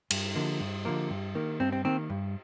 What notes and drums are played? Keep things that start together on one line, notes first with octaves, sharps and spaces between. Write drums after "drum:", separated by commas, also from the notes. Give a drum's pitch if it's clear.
G2, drum: cymbal
D3 F3 A#3
G2
D3 F3 A#3
G2
D#3 A#3
G2 C4
C4
D#3 A#3 C4
G2